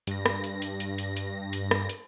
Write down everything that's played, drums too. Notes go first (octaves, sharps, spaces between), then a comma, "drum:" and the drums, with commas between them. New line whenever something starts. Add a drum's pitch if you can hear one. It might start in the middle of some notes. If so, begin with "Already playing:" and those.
G2 A#6, drum: hi-hat
drum: rim click
drum: hi-hat
drum: hi-hat
drum: hi-hat
drum: hi-hat
drum: hi-hat
drum: hi-hat
drum: rim click
drum: hi-hat